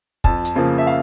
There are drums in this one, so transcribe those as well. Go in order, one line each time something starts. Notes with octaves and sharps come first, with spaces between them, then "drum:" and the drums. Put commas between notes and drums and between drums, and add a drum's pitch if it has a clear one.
F2 A5, drum: kick
drum: hi-hat
C#3 F3 A#3
E5
F5